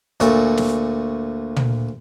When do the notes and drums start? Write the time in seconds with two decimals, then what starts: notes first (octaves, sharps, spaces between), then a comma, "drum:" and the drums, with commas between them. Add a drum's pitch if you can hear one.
0.20 D2 A#2 A3, drum: hi-hat
0.57 drum: snare
1.56 drum: tom